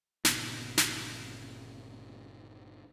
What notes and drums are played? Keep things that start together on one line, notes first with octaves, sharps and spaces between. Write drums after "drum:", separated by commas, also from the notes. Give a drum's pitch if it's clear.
G1 A#2 C#3 B3, drum: snare
drum: snare